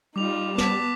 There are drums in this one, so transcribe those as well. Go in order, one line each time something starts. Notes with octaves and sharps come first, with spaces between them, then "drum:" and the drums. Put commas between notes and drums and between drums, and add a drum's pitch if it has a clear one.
G3 D#4 F4 D6 F7
B3 A5 D6 B6, drum: snare